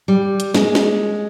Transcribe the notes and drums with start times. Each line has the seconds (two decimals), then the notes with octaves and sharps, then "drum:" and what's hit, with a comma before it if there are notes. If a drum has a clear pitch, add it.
0.08 G3
0.40 drum: hi-hat
0.54 G#3, drum: snare
0.75 drum: snare